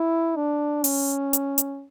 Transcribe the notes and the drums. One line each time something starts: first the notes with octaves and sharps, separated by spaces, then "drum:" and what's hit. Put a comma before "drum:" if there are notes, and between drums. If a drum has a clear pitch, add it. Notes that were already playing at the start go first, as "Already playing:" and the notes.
Already playing: E4
D4
C#4, drum: open hi-hat
drum: hi-hat
drum: hi-hat